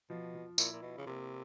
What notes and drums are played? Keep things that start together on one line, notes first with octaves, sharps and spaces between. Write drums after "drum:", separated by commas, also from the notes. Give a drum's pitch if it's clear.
B2 F3
F3
A#2 E4, drum: tambourine
A#2
B2 E4
C#3
C3 A#3